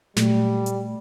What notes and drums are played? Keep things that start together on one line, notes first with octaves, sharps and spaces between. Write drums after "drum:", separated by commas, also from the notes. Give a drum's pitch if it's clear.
A#2 F#3 G3 A3, drum: snare
drum: hi-hat